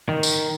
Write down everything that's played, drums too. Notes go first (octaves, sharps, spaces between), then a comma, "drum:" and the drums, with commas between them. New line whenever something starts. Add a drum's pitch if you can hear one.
D#3
drum: tambourine